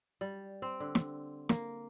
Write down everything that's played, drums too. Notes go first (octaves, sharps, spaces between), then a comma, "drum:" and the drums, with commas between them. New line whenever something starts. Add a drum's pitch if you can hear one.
G3
C4
D3
drum: snare
A#3, drum: snare